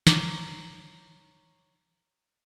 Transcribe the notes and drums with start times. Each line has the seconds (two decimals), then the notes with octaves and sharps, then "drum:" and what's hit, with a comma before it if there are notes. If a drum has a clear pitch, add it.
0.07 C#5 A#5 D6, drum: snare